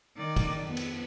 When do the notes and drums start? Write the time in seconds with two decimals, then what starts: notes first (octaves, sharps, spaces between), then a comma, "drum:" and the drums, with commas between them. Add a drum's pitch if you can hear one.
0.16 D#3 D5
0.36 drum: kick, cymbal
0.64 F2 B3
0.77 drum: cymbal